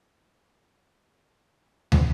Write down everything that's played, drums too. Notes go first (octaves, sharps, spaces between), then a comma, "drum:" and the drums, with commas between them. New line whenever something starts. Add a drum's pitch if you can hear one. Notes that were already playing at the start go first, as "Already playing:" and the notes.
Already playing: B2
C2 A3
C2 B3
B2
B2
drum: tom